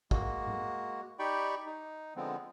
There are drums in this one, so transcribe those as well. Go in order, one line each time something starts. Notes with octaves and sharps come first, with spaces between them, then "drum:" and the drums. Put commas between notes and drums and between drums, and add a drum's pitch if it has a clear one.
G#3 A#3 F#4, drum: kick
drum: tom A2
D#4 G4 D5 G5 B5 C#6
D#4
D3 F3 G#3 B3 C4